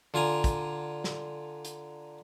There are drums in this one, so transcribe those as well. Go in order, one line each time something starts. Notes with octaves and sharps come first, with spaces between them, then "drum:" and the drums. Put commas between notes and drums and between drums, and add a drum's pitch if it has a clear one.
D3 F4 G#5 A#5
drum: kick, hi-hat
drum: snare
drum: hi-hat